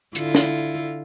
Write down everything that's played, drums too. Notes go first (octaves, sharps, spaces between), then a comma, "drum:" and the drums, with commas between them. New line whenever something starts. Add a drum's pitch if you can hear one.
D3 E4 F4, drum: hi-hat
drum: snare